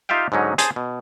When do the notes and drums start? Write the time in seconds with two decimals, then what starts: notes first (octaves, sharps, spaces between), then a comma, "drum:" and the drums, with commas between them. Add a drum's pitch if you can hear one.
0.09 D#4 F4 G4 E5 F5 G5
0.32 G#2 D3 F#3 C#4 D#4
0.58 G#4 C5 G#5 A5, drum: hi-hat
0.76 B2